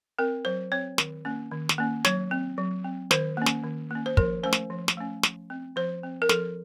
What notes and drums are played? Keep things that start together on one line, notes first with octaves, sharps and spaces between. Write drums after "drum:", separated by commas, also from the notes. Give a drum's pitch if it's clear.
C4 A#4
F#3 C5
C4 C#5
D#3, drum: snare
A#3 C#4
D#3
drum: snare
A#3 C#4
F#3 C#5, drum: snare
C4
F#3
C4
D#3 C5, drum: snare
A#3 C#4
drum: snare
D#3
A#3 C#4
C5
F3 A#4, drum: kick
A3 C#4 C5
drum: snare
F3
drum: snare
A3 C#4
F3, drum: snare
C4
F3 C5
C4
A#4
F3 A4, drum: snare